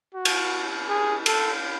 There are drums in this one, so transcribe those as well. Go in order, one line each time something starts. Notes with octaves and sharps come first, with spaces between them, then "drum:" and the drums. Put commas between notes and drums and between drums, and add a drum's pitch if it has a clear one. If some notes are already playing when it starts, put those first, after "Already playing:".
F#4
drum: cymbal
G#4
A4, drum: cymbal